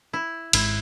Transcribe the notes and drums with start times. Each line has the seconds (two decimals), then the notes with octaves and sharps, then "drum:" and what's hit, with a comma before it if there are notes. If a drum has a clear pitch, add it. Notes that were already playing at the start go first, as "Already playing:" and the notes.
0.13 E4
0.53 G#1 G#2 E4, drum: cymbal